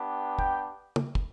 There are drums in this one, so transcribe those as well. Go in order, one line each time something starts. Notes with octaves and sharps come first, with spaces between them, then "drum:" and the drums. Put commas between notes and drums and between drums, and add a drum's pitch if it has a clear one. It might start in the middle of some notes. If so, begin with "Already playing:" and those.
Already playing: B3 D4 G4
G5, drum: kick
drum: tom
drum: kick